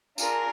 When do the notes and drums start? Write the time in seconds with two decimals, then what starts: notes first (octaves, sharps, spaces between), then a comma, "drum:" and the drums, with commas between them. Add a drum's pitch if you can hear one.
0.18 D4 F4 G#4 A#4, drum: tambourine